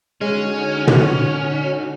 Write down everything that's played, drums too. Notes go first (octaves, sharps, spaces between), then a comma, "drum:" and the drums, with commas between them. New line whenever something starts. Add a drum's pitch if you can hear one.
D3 G#3 C#4 D#4 F#4
drum: tom